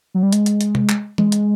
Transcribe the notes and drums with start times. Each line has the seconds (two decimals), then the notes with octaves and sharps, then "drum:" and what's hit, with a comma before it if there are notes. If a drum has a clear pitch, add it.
0.14 F#3
0.23 G3
0.32 G#3, drum: hi-hat
0.46 drum: hi-hat
0.61 drum: hi-hat
0.75 drum: tom
0.89 drum: clap
1.18 G#3, drum: tom E3
1.32 drum: hi-hat